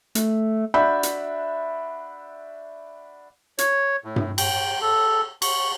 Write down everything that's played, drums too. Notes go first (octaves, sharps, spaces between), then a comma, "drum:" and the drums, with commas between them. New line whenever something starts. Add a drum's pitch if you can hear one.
A3, drum: hi-hat
D4 F#4 E5 B5 G6
drum: hi-hat
C#5, drum: hi-hat
A2
drum: tom G2
G5, drum: cymbal
A4
C#6, drum: cymbal